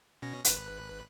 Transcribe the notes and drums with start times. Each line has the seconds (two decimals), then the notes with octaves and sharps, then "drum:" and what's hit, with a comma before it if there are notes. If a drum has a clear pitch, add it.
0.22 B2 C#4 A#6
0.45 G#1 B4 F#6, drum: hi-hat